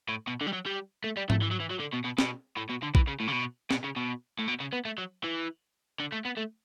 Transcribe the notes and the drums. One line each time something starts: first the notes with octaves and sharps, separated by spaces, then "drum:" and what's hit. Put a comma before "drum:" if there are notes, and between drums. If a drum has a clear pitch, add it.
A2
B2
D3
G3
F#3
G3
A3
G3
A3, drum: tom G#2
E3
F#3
E3
F#3
D3
B2
B2
B2, drum: snare
A2
B2
D3
E3, drum: kick A#1
C#3
A2
C#3
B2
B2, drum: snare
C#3
B2
A2
B2
C#3
B3
A3
F#3
E3
D3
A3
B3
A3